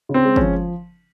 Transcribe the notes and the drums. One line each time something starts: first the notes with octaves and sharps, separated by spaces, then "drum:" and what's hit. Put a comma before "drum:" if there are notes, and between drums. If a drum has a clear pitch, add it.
C#3
C4
G#3
F3 C#4, drum: kick